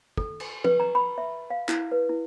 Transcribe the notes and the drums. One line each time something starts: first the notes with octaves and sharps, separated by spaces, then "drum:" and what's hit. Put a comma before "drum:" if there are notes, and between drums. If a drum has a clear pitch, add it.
A4, drum: kick
drum: cymbal
B4, drum: tom
A#5
B5
E5
F5
E4, drum: clap
B4
E4